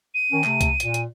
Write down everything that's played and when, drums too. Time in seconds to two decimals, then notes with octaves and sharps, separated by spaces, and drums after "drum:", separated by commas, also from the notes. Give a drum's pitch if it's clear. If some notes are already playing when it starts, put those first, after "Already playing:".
0.14 D#7
0.32 D#3 C#4
0.44 C3 A3, drum: clap
0.61 drum: kick, hi-hat
0.80 A#2, drum: hi-hat
0.94 drum: hi-hat